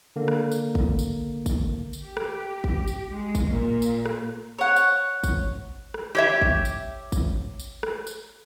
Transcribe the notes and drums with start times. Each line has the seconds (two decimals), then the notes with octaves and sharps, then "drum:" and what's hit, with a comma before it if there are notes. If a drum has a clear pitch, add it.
0.16 D3 A#3
0.28 drum: rim click
0.52 drum: tambourine
0.75 drum: kick
0.99 drum: tambourine
1.46 drum: kick, tambourine
1.93 drum: tambourine
2.03 G4
2.17 drum: rim click
2.64 drum: kick
2.88 drum: tambourine
3.11 G#3
3.35 drum: kick, tambourine
3.49 A#2
3.82 drum: tambourine
4.06 drum: rim click
4.59 C#5 F#5
4.76 drum: tambourine
5.24 drum: kick, tambourine
5.94 drum: rim click
6.15 G4 C#5 E5
6.42 drum: kick
6.65 drum: tambourine
7.12 drum: kick, tambourine
7.60 drum: tambourine
7.83 drum: rim click
8.07 drum: tambourine